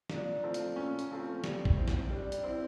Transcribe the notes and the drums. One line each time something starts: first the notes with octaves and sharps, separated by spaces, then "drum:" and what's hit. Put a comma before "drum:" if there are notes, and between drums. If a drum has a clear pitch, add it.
A#2 D4, drum: snare
F3 A3 C4
drum: hi-hat
A#2 C#4
drum: hi-hat
F3 A3 C4
G3, drum: snare
drum: kick A1
C4 E4
drum: snare
G3 D4
drum: hi-hat
C4 E4